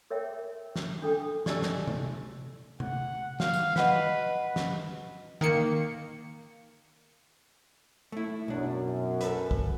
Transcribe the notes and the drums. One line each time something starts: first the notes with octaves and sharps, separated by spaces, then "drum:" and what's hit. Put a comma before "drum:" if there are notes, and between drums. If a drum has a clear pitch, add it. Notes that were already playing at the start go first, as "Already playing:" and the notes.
A#4 C#5 E5 G5
drum: snare
D4 A4 G5
G4 D5 D#5 G#5 A5 E6, drum: snare
drum: snare
drum: tom C3
F#5, drum: tom C3
F5, drum: snare
drum: tambourine
B4 D#5 F#5 B6, drum: snare
drum: snare
D#3 A#3 C#7
A3 E4
B1 F#2 D4
A4 B4, drum: hi-hat
drum: kick